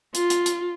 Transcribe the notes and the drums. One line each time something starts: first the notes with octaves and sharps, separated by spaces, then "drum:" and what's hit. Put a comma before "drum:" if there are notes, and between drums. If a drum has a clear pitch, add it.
F4, drum: hi-hat
drum: hi-hat
drum: hi-hat